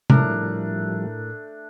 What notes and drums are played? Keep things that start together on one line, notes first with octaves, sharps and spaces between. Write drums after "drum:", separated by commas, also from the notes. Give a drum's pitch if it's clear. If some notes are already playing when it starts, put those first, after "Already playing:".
A2 F3 G3 A3 D4 A#4, drum: tom